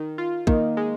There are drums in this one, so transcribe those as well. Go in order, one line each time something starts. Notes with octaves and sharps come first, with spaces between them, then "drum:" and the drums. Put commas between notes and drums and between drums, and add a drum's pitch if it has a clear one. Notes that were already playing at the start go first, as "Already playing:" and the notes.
Already playing: D#3
F4
D#3 A#3 D#4, drum: kick
G#3